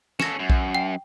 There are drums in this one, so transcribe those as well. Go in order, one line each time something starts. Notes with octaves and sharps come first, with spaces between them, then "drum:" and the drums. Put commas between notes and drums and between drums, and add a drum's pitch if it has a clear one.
C#4 A4 A#6 E7, drum: snare
F#2
drum: kick A#1
G5